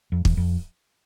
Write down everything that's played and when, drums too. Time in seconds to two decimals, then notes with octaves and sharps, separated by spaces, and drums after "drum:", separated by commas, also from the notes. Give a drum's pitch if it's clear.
0.12 F2
0.25 E2, drum: kick
0.37 F2